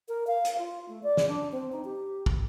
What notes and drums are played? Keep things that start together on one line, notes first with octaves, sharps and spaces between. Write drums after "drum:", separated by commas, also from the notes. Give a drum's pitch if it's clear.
A#4
F5
drum: hi-hat
F4
A3
D5
drum: snare
D4
C4
D#4
G4
drum: kick